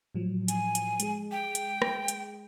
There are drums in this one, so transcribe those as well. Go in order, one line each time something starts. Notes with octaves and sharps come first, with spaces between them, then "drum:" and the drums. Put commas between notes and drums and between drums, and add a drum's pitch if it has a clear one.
A2 F3 F#3
G#5, drum: hi-hat
drum: hi-hat
G#3 G#4, drum: hi-hat
G5
drum: hi-hat
drum: rim click
drum: hi-hat